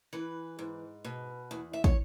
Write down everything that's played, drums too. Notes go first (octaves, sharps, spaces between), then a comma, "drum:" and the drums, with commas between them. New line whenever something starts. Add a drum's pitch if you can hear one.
E3 B4
G#2
B2
E2
E5
C#5, drum: kick